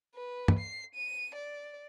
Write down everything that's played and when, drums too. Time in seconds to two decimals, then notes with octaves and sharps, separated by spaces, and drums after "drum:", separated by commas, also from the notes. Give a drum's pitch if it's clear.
0.15 B4
0.48 drum: tom
0.59 C7
0.95 D#7
1.35 D5